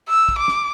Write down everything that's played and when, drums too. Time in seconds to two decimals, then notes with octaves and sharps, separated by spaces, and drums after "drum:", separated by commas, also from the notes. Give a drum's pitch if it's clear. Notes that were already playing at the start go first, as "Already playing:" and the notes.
0.09 E6
0.29 drum: kick
0.38 D6
0.48 drum: snare